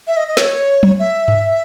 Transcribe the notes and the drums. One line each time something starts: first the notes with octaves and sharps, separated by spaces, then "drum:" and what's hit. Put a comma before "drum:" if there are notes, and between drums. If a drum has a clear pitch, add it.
E5
D#5
D#5
C#5, drum: snare
drum: tom
E5
drum: tom G2